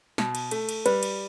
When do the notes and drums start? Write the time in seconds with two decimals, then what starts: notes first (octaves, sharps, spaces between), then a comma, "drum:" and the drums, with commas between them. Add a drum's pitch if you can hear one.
0.18 B2, drum: snare
0.35 drum: cymbal
0.51 A3, drum: cymbal
0.69 drum: cymbal
0.86 G3 B4, drum: cymbal
1.03 drum: cymbal